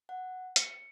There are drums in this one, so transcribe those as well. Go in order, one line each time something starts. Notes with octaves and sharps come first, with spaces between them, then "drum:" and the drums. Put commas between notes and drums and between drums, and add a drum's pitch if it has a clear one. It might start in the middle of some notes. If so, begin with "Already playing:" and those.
F#5
C#7, drum: hi-hat